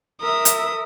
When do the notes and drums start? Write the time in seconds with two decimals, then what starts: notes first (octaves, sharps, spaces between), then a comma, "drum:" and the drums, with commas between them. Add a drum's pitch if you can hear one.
0.22 A#4 E5 D#6
0.45 drum: hi-hat